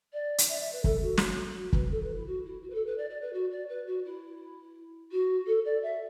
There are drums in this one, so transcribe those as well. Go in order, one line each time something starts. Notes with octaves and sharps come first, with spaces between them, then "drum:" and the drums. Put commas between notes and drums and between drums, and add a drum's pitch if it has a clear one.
D5
drum: hi-hat
E5
E5
B4
A4, drum: kick
F#4
drum: snare
F#4
B4, drum: kick
A4
B4
E4
F#4
E4
F#4
B4
A4
B4
D5
D5
B4
F#4
D5
B4
F#4
E4
F#4
A4
D5
E5